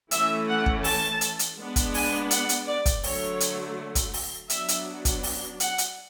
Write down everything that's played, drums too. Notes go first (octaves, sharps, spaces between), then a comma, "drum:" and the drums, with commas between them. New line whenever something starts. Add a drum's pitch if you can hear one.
E3 A3 C#4 E5, drum: hi-hat
F#5
drum: kick
A5, drum: open hi-hat
drum: hi-hat
drum: hi-hat
G#3 B3 D4
drum: kick, hi-hat
G#5, drum: open hi-hat
F#5, drum: hi-hat
drum: hi-hat
D5
drum: kick, hi-hat
D3 F#3 A3 C#5, drum: open hi-hat
drum: hi-hat
drum: kick, hi-hat
drum: open hi-hat
F#3 B3 D4 E5, drum: hi-hat
drum: hi-hat
drum: kick, hi-hat
drum: open hi-hat
F#5, drum: hi-hat
drum: hi-hat